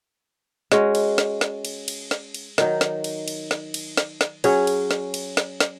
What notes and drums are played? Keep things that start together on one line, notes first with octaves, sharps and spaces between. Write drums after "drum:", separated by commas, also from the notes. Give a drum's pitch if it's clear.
G#3 C#4 F#4, drum: snare
drum: cymbal
drum: snare
drum: snare
drum: cymbal
drum: cymbal
drum: snare
drum: cymbal
D#3 F#3 D#4, drum: snare
drum: snare
drum: cymbal
drum: cymbal
drum: snare
drum: cymbal
drum: snare
drum: snare
F#3 C#4 G#4, drum: cymbal
drum: cymbal
drum: snare
drum: cymbal
drum: snare
drum: snare